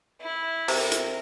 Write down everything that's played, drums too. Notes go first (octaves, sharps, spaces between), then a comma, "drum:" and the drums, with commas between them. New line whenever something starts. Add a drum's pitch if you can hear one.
E4
C3 A#4, drum: open hi-hat
drum: hi-hat